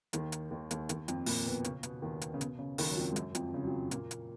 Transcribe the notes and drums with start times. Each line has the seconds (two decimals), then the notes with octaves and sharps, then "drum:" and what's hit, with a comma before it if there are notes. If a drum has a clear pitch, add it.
0.13 D#2 D#3, drum: hi-hat
0.32 drum: hi-hat
0.51 D#2 D#3
0.71 D#2 D#3, drum: hi-hat
0.89 D#2 D#3, drum: hi-hat
1.08 F2 F3, drum: hi-hat
1.26 A#2 A#3, drum: open hi-hat
1.46 B2 B3
1.64 C#3 C#4, drum: hi-hat
1.83 B2 B3, drum: hi-hat
2.02 D#2 D#3
2.21 drum: hi-hat
2.34 C#3
2.41 B2, drum: hi-hat
2.59 C#3
2.78 D#2 D#3, drum: open hi-hat
2.89 F#3
2.97 F2 F3
3.12 G#3
3.16 F#2 F#3, drum: hi-hat
3.35 F2 F3, drum: hi-hat
3.54 C#3
3.63 F#3
3.67 F2 F3
3.91 A#2 A#3, drum: hi-hat
4.11 drum: hi-hat